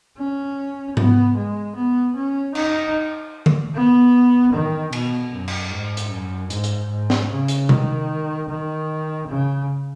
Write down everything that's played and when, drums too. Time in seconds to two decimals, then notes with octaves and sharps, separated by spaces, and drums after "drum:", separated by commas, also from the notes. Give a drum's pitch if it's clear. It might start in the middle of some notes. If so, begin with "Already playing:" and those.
0.18 C#4
0.97 B3, drum: tom G#2
1.36 G#3
1.76 B3
2.16 C#4
2.55 D#4, drum: cymbal
3.46 drum: tom D3
3.74 B3
4.53 D#3
4.93 B2, drum: cymbal
5.33 F#2
5.48 drum: cymbal
5.72 G#2
5.97 drum: hi-hat
6.11 F#2
6.50 G#2, drum: hi-hat
6.64 drum: hi-hat
6.90 G#2
7.10 drum: snare
7.31 C#3
7.48 drum: hi-hat
7.69 D#3, drum: tom B2
8.49 D#3
9.27 C#3